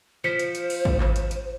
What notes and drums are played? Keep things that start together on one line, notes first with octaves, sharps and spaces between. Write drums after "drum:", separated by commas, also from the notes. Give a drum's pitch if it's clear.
F3 C5 B6 C#7
drum: hi-hat
drum: hi-hat
drum: open hi-hat
drum: kick
drum: clap
drum: hi-hat
drum: hi-hat